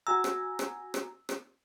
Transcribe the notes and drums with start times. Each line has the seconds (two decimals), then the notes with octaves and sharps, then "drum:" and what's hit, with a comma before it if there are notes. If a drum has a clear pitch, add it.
0.07 F#4 G#5 A#5 E6
0.24 drum: rim click
0.59 drum: rim click
0.94 drum: rim click
1.29 drum: rim click